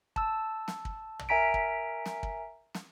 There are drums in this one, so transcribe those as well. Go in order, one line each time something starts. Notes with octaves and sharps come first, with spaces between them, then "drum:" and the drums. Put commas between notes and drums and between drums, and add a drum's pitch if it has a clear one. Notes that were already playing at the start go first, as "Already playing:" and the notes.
A5 E6, drum: kick
drum: snare
drum: kick
drum: tom
A#4 E5 G#5 A#5 B6 D7
drum: kick
drum: snare
drum: kick
drum: snare